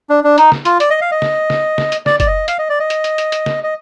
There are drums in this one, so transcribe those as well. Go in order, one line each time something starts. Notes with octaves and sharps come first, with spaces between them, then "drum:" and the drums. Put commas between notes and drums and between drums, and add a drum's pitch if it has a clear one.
D4
D4
D#4, drum: hi-hat
drum: snare
F4, drum: hi-hat
D5, drum: hi-hat
D#5
F5
D#5
drum: snare
drum: snare
drum: snare
drum: hi-hat
D5, drum: snare
D5, drum: kick F#1, hi-hat
D#5
F5, drum: hi-hat
D#5
D5
D#5
drum: hi-hat
drum: hi-hat
drum: hi-hat
drum: hi-hat
drum: snare
D#5